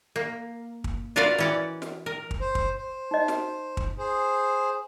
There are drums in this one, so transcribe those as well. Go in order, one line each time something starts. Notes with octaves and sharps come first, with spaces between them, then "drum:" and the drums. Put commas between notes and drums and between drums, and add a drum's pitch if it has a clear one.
A#3
drum: kick
F4 F#4 A#4 B4 D5 F5
E3 C#4 D5
drum: snare
A#4
drum: kick
C5
drum: kick
C5
D#4 D#5
drum: snare
drum: kick
G#4 C5